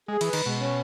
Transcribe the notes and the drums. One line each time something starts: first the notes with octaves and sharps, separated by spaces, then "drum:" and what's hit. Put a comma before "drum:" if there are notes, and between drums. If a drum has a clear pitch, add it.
G#3 G#4
E3, drum: cymbal
B4
D#3, drum: cymbal
B2 G#3
C#4